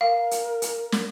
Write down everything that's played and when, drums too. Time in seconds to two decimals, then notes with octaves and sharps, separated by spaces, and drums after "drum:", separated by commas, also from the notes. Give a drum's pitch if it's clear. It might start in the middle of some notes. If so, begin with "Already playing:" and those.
0.01 A#4 F5
0.31 drum: hi-hat
0.62 drum: hi-hat
0.92 drum: snare